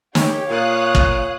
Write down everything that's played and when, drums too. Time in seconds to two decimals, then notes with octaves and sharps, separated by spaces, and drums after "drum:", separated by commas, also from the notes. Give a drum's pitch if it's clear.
0.15 G4 C#5, drum: snare
0.50 A#2 F5 D#6 F#6
0.95 drum: kick